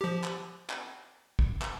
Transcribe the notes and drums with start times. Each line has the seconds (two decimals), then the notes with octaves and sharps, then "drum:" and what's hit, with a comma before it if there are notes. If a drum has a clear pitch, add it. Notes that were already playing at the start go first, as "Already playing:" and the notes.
0.01 F3 G4
0.24 drum: clap
0.70 drum: clap
1.39 drum: kick
1.62 drum: clap